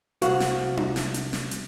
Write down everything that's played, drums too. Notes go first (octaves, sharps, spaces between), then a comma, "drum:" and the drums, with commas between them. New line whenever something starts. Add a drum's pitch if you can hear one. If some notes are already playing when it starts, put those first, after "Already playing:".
C2 F#4 F5 F#5, drum: hi-hat
drum: snare
drum: tom D4
drum: snare
drum: hi-hat
drum: snare
drum: hi-hat